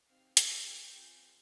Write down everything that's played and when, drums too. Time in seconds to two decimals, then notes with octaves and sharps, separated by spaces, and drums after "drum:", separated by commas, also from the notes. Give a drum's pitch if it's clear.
0.09 C4 D#4 G4 F5 F6
0.37 D4 F4 G#4 G5 G6, drum: hi-hat
0.66 B3 F4 G#4 G5 G6
0.95 C4 F4 G#4